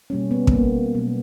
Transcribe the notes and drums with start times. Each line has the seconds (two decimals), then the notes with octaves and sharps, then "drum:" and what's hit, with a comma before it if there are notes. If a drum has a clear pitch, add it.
0.10 B2 G3 A#3 C#4
0.31 B3
0.47 B3, drum: kick
0.53 A#3
0.95 B2 F#3 A#3